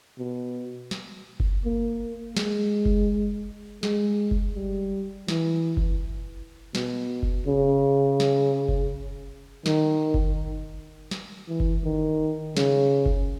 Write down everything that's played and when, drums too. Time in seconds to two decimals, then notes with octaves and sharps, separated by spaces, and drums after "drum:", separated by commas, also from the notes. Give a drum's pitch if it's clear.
0.18 B2
0.91 drum: snare
1.40 drum: kick F#1
1.65 A#3
2.37 G#3, drum: snare
2.86 drum: kick F#1
3.83 G#3, drum: snare
4.31 drum: kick F#1
4.55 G3
5.28 E3, drum: snare
5.77 drum: kick F#1
6.75 B2, drum: snare
7.23 drum: kick F#1
7.47 C#3
8.20 drum: snare
8.68 drum: kick F#1
9.66 D#3, drum: snare
10.14 drum: kick F#1
11.11 drum: snare
11.48 E3
11.60 drum: kick F#1
11.84 D#3
12.57 C#3, drum: snare
13.06 drum: kick F#1